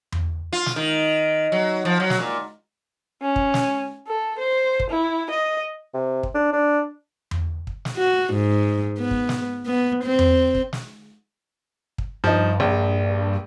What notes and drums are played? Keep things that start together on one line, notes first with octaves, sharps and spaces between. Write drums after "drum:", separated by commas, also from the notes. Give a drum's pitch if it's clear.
drum: tom E2
F4
drum: snare
D#3
F#3
F3
F#3
drum: snare
A#2
C#4
drum: kick
drum: snare
A4
C5
drum: kick
E4
D#5
C3
drum: kick
D4
D4
drum: tom E2
drum: kick
drum: snare
F#4
G#2
B3
drum: kick
drum: snare
B3
C4
drum: tom E2
drum: kick
drum: snare
drum: kick
G2 F3 D#4
A#1